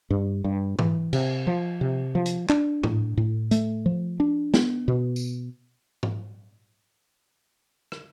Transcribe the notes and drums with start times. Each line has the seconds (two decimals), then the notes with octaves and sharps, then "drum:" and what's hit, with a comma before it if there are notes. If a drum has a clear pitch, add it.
0.10 G2
0.44 G2
0.79 E3, drum: tom G#2
1.13 C3, drum: cymbal
1.47 F3
1.81 C3
2.15 F3
2.26 drum: hi-hat
2.49 D4, drum: clap
2.83 A2, drum: tom G#2
3.17 A2
3.51 A3, drum: hi-hat
3.86 F3
4.20 D4
4.54 B3, drum: snare
4.88 B2
5.16 drum: tambourine
6.03 drum: tom G#2
7.92 drum: rim click